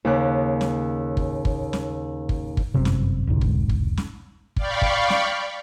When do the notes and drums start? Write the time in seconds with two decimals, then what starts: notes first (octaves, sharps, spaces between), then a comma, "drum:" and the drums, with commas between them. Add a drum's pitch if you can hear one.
0.05 D#2 C#3 F#6
0.61 drum: snare
1.17 drum: kick
1.45 drum: kick
1.73 drum: snare
2.29 drum: kick
2.57 drum: kick
2.74 G1 F#2 C3
2.85 drum: snare
3.27 E1 C2 G#2 D3
3.41 drum: kick
3.69 drum: kick
3.97 drum: snare
4.56 D5 F5 G5 B5 C#6, drum: kick
4.82 drum: kick
5.10 drum: snare